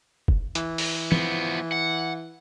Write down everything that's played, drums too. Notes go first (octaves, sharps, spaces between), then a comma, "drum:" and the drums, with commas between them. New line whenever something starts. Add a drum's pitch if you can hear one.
drum: kick
E3, drum: hi-hat
drum: open hi-hat
F3 B3, drum: tom
F#5